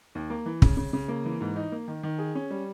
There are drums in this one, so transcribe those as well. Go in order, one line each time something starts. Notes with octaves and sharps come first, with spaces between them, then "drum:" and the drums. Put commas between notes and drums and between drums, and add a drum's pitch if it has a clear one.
D#2
A#3
E3
C#3, drum: kick
C#3
C#3
A#3
E3
G#2
D#4
A#3
D#3
D#3
G#4
C#4
G3